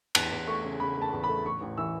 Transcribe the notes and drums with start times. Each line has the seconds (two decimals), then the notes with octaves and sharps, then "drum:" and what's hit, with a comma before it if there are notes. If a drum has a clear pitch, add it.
0.15 E2 F#6, drum: cymbal
0.32 E2
0.47 A3 C#6
0.64 C#3
0.80 C#3 B5
0.96 A3
1.02 A5
1.13 E2
1.24 B5
1.29 A3
1.45 A1 C#6
1.61 A1
1.78 E3 E6